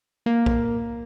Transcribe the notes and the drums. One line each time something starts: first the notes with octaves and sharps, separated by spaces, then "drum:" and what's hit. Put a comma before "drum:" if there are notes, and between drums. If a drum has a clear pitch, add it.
A#3
drum: kick